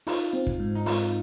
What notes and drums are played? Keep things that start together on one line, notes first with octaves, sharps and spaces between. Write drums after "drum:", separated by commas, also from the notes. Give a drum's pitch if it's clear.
D#4 F4, drum: open hi-hat
C4
drum: kick
G#2
D#4
G#2 F4, drum: open hi-hat